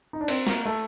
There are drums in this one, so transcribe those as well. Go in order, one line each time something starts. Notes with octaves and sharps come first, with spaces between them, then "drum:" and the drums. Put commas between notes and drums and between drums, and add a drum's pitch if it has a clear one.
D#4
D4
C4, drum: cymbal
A#3, drum: snare
A3